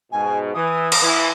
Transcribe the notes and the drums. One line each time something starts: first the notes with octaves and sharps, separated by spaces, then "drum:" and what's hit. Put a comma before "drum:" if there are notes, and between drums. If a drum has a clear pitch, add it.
G#2 B2 G#5
E3 D#6
drum: cymbal
E3